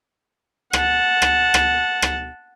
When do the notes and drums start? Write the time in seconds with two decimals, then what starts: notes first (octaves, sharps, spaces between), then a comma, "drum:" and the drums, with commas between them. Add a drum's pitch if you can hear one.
0.73 F#5 A5, drum: rim click
1.22 drum: rim click
1.54 drum: rim click
2.02 drum: rim click